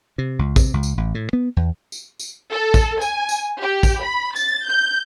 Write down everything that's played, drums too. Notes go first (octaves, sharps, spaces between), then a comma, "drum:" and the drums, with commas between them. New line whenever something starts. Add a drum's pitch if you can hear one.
C3
C#2
C3, drum: kick, tambourine
C#2
drum: tambourine
A1
A2
B3
E2
drum: tambourine
drum: tambourine
A4
drum: kick, tambourine
G#5, drum: tambourine
drum: tambourine
G4
drum: kick, tambourine
B5
A6, drum: tambourine
G6